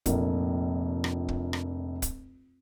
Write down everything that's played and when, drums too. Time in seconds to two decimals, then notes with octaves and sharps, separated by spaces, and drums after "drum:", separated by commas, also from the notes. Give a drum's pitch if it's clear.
0.06 F1 A#1 A#3, drum: kick, hi-hat
1.04 drum: rim click
1.28 drum: kick
1.53 drum: rim click
2.02 drum: kick, hi-hat